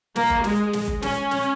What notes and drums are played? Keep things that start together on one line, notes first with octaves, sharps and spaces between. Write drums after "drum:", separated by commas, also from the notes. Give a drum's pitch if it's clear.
A#3, drum: snare
drum: kick F#1
G#3, drum: snare
drum: snare
drum: kick F#1
C#4, drum: snare
drum: snare